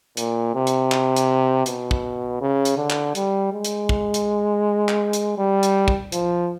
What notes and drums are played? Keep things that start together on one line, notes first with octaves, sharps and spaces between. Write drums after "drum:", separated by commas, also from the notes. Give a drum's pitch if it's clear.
A#2, drum: hi-hat
C3
drum: hi-hat
drum: clap
drum: hi-hat
B2, drum: hi-hat
drum: kick
C#3
drum: hi-hat
D3
drum: clap
G3, drum: hi-hat
G#3
drum: hi-hat
drum: kick
drum: hi-hat
drum: clap
drum: hi-hat
G3
drum: hi-hat
drum: kick
F3, drum: hi-hat